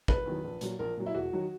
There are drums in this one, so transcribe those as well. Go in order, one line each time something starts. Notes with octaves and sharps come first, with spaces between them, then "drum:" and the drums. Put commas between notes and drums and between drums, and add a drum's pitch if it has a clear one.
E1 B4, drum: kick G#1
E2 D#3 F#3
A#1
A#2 F#3, drum: hi-hat
A#1 A#4
A#2 F#3
E4
E1 F#4
D#3 F#3